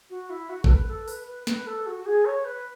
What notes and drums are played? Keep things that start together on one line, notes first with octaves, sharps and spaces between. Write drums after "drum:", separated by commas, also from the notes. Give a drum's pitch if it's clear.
F#4
E4
F#4
A4, drum: kick A1
B4
A4
B4, drum: open hi-hat
B4
B4, drum: snare
A4
F#4
F#4
G#4
C#5
B4